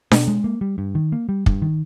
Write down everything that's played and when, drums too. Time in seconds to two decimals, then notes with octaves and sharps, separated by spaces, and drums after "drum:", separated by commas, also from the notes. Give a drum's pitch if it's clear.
0.11 B2, drum: snare D4
0.28 G#3
0.44 A#3
0.61 G3
0.78 G2
0.95 D#3
1.12 A#3
1.29 G3
1.46 G2, drum: kick
1.62 D#3